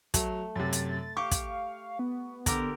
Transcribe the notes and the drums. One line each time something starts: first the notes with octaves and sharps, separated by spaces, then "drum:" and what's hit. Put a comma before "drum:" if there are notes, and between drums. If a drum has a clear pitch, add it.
F#3 A3, drum: kick, hi-hat
F#2 C3 A6
drum: hi-hat
G4 F5 C#6
drum: kick, hi-hat
B3
D3 G4 A#4, drum: kick, hi-hat